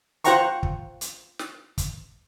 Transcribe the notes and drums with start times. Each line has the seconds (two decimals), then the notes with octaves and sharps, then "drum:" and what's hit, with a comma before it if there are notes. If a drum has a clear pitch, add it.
0.24 F4 C5 F#5 G5 A#5 C#6, drum: hi-hat
0.63 drum: kick
1.01 drum: hi-hat
1.39 drum: snare
1.78 drum: kick, hi-hat